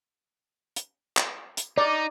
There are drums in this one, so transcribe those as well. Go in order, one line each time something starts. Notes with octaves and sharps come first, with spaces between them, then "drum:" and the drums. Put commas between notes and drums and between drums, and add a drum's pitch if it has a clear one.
drum: hi-hat
drum: clap
drum: hi-hat
D#4 D5